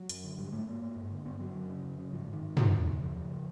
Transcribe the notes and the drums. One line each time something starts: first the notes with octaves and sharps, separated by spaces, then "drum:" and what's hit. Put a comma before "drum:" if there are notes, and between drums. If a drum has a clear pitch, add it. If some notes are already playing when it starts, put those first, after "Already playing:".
Already playing: F#3
F#2, drum: hi-hat
D3
G#2 G3
G#2 A3
G#2 A#3
G#2
G2
D3
G2 B3
D3 F#3
F#2
C#3
F#2
C#3
G#2 F3
G#2 D#3
G#2
G#2, drum: tom
F#2
C#3
F#2 F3
C#3